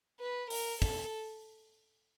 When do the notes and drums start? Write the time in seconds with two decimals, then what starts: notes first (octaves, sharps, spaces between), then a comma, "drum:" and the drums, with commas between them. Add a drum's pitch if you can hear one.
0.20 B4
0.50 A#4, drum: open hi-hat
0.82 A4, drum: kick